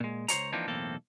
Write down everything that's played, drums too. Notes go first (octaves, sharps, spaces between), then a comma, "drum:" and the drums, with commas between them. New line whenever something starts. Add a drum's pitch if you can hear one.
A#2 G#3
C#2 C5 C#5 A#5, drum: hi-hat
E3 F3 A#3 C4 D4 D#4
B1 E2 A2 A#3 C4 A4